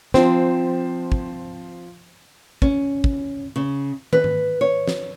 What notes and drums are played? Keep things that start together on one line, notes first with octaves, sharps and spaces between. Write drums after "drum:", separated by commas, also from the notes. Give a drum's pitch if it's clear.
F3 C4 C5, drum: snare
drum: kick
C#4, drum: kick
drum: kick
C#3
B4, drum: tom
drum: tom
C#5
drum: snare